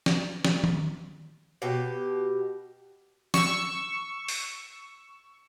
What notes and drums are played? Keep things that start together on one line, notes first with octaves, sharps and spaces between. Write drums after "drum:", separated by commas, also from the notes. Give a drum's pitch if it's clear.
drum: snare
drum: snare
drum: tom D#3
B2 G4
C#6 E6, drum: snare
drum: open hi-hat